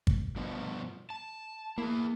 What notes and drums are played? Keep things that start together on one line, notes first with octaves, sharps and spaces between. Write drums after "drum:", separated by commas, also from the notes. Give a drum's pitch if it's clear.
drum: kick
G2 B2 F3
A5
A#3 E4 G#4